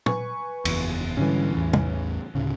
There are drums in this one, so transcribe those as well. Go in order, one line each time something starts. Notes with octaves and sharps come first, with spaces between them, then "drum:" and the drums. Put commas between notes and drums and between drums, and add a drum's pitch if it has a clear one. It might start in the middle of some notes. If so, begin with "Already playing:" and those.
B4 G#5 C#6, drum: tom
F#1 E2, drum: cymbal
G#2 D3 E3 G3 C#4
A1 E2
drum: tom
D2 A2 C#3